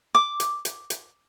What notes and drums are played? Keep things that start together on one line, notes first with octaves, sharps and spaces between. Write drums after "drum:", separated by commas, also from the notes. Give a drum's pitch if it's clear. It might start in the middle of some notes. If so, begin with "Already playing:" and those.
D6
drum: hi-hat
drum: hi-hat
drum: hi-hat